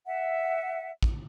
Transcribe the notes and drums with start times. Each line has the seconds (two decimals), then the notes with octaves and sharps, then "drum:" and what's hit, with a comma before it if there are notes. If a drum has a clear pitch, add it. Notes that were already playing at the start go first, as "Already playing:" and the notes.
0.06 E5 F#5
1.03 drum: kick